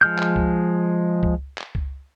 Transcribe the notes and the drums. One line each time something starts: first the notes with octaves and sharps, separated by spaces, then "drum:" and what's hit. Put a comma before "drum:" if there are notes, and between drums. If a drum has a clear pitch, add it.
F3 G#3 F6 G6
drum: clap
drum: kick C#2
drum: kick C#2
drum: clap
drum: kick C#2